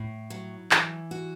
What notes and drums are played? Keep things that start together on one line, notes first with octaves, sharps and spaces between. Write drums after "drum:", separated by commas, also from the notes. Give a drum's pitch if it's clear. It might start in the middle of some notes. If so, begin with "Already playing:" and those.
Already playing: A2
F#3
E3, drum: clap
F#4